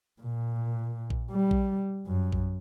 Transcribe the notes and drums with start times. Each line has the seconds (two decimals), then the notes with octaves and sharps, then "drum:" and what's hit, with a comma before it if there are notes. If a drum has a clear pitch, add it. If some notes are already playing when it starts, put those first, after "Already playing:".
0.22 A#2
1.10 drum: kick A#1
1.31 G3
1.51 drum: kick A#1
2.07 F#2
2.32 drum: kick A#1